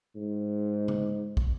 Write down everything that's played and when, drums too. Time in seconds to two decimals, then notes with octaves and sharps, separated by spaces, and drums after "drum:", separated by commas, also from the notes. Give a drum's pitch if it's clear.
0.15 G#2
0.88 drum: tom C3
1.37 drum: kick